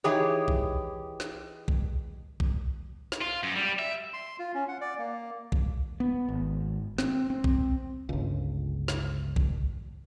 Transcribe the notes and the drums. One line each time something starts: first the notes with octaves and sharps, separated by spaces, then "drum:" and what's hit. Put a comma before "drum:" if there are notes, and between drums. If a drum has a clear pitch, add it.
E3 D#4 G4 G#4 C#5
drum: kick B1
drum: snare
drum: kick B1
drum: kick B1
drum: snare
F4
F#2
G3
E5
C6
F4
C#4
F#5
D5
A#3
drum: kick B1
B3
G#1
C4, drum: snare
C4
drum: kick B1
G1 C#2
drum: snare
drum: kick B1